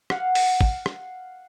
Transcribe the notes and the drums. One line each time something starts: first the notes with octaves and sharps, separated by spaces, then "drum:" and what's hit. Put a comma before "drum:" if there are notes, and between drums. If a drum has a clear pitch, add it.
F5 F#5, drum: rim click
drum: open hi-hat
drum: kick
drum: rim click